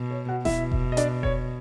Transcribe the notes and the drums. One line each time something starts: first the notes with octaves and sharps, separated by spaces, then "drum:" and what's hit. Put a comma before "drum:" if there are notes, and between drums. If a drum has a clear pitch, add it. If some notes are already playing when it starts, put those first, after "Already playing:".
Already playing: B2
C#5
F#4 F#5
B2 E4 E5, drum: snare E1
drum: kick F1
D#5
D4 D5, drum: hi-hat
C#5, drum: kick F1